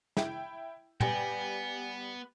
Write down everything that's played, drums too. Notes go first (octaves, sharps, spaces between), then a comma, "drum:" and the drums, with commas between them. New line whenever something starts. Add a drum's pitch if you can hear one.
E4 G5, drum: snare
G3 B3 B4 G5 G#5 A#6, drum: tom